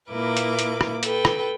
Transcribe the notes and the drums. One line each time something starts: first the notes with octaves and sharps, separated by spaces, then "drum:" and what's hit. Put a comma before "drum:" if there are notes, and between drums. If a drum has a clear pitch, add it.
A#2 A#3 E4 A#4 B4 D6
drum: hi-hat
drum: hi-hat
drum: rim click
A4 B4 G5, drum: hi-hat
drum: rim click